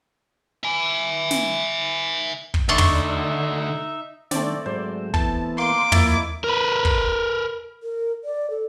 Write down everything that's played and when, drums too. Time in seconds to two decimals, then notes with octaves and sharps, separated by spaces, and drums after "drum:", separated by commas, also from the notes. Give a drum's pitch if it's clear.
0.63 E5 G#5
1.31 drum: snare
2.54 drum: kick
2.69 D2 D3 D#4 D5 E5 C6 C#6
2.78 drum: tom
4.31 D#3 A3 C4 D4 D5, drum: snare
4.66 G#2 F#3 C5
5.14 E3 B3 A5, drum: kick
5.58 A#3 C6 D6
5.92 F2 A#3 E4 D#5 A6, drum: tom
6.44 A#4 B4
6.85 drum: kick
7.83 A#4
8.24 D5
8.50 A4